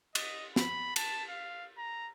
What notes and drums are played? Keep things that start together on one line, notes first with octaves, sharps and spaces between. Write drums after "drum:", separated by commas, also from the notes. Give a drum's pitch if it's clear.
D#5, drum: cymbal
B5, drum: snare
A5, drum: cymbal
F5
A#5